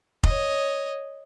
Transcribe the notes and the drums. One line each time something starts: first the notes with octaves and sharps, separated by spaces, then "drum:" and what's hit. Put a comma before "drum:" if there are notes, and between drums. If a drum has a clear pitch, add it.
C#5 D#5, drum: kick F1